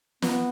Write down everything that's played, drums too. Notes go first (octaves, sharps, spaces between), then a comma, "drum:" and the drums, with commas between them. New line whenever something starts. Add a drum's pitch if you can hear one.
B3, drum: snare